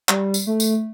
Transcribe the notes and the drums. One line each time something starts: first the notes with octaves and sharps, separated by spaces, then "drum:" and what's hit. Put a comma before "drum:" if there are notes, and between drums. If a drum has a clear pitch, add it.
G3, drum: clap
drum: tambourine
A3
drum: tambourine